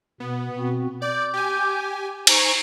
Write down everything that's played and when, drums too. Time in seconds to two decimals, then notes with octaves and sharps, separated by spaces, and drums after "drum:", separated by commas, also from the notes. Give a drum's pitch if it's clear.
0.20 B2 B3
0.58 B2 C4 F#4
1.02 D5 D6 G6
1.33 G4 G#5
2.27 D#4 C5 G#5 A#5 C#6, drum: cymbal